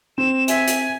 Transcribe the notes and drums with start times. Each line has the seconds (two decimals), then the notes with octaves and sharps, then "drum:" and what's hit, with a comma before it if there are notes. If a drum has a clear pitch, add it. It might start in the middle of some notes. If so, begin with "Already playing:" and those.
0.18 C4 E7
0.48 E5 G#5, drum: hi-hat
0.68 drum: hi-hat